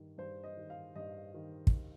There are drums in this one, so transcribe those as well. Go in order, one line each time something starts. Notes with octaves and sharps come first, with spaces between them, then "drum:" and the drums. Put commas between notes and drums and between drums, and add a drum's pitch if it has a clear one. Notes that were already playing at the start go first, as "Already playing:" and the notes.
Already playing: G2 D#3
G2 C5
D#5
D#3
F5
G2 D#5
D#3
drum: kick